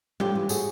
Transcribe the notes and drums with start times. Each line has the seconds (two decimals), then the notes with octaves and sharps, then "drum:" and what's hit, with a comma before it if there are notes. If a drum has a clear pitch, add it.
0.20 A2 F4 G4, drum: tom G3
0.35 E3
0.49 A2 F#4 G#4, drum: tambourine